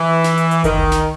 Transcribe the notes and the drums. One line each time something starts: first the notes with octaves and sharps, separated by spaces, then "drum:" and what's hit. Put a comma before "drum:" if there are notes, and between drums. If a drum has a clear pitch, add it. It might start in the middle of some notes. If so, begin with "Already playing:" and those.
Already playing: E3
drum: snare
drum: hi-hat
drum: hi-hat
D#3, drum: kick F#1, hi-hat
drum: tom C2
drum: snare